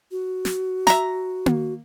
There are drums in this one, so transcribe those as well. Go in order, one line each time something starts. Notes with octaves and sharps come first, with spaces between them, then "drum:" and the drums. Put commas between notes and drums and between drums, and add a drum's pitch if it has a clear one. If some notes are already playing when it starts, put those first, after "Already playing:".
F#4
drum: snare
E5 A#5, drum: snare
drum: tom A#3